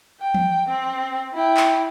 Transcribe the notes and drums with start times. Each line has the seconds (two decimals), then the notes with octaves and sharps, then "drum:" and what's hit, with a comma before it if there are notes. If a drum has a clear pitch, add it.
0.20 G5
0.34 drum: tom E3
0.69 C4
1.34 E4 G5
1.57 drum: clap